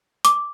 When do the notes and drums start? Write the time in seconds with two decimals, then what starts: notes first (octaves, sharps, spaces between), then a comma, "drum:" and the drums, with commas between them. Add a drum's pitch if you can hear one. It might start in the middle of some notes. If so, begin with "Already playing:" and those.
0.25 D6, drum: hi-hat